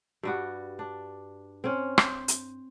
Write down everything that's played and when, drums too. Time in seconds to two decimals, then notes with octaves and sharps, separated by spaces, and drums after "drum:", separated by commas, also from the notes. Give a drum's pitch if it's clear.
0.23 G2 G3 F#4
0.79 D4
1.64 C4 C#4
1.98 C5, drum: rim click
2.28 drum: hi-hat